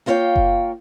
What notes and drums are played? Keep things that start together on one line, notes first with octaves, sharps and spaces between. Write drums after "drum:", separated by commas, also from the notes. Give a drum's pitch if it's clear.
A#3 F4 C5 C#5 F5 G5
drum: kick F#1